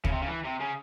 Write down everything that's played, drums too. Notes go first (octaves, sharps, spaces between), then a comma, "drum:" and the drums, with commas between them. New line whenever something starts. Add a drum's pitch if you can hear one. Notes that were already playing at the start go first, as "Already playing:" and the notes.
C#3, drum: kick
C3
C#3
E3
C3
C#3